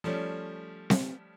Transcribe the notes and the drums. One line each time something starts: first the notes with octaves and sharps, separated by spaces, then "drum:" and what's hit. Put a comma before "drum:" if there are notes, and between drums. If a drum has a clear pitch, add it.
F3 G3 A3 C#4
drum: snare C4